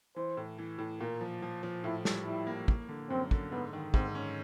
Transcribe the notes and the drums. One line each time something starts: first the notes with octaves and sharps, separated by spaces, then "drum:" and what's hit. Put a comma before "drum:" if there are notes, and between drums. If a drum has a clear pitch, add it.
E3 C5
A2
E3
A2
A#2 A#4
F3
F3
F3
A2 E4
G3, drum: snare
G3 E4
A#3
A#3, drum: kick
D3
F#2 C4
D3, drum: kick
G#2 B3
D#3
G#2 C4, drum: kick
C#4